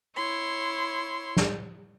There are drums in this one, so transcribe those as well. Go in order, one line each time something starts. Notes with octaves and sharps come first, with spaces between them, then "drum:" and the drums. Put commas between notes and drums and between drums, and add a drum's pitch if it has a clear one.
E4 C#5 C6
drum: snare